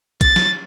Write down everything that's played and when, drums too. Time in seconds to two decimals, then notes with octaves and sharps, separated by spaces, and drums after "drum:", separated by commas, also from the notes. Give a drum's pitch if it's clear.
0.21 A6, drum: kick, hi-hat
0.36 drum: snare